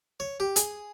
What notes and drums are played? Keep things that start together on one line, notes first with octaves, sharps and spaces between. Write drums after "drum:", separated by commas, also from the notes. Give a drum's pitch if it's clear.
C#5
G4
G#4, drum: hi-hat